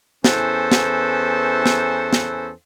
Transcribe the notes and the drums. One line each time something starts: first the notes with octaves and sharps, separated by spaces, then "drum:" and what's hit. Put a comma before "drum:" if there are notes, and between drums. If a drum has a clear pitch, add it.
E2 C#4 E4 A4 B4 C5, drum: snare
drum: snare
drum: snare
drum: snare